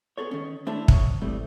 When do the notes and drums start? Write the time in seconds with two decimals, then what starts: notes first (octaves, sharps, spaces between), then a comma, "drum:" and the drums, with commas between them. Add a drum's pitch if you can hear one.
0.18 B3 G#4 A4 C#5
0.31 D#3 C#4
0.67 A3 D4 E4 A4 C5 C#5
0.88 B2 C#5, drum: kick
1.21 G2 E3 G3 A3 C4